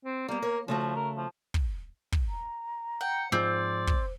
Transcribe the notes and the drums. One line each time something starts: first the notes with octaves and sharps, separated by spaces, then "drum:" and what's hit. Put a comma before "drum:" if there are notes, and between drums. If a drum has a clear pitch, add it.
C4
G3 A#3 B3
A#4 C#5
C#3 F3 A3 F#4
A#4
F3
drum: kick
drum: kick
A#5
F#5 G5
G#2 F3 C4 C5 D5
drum: kick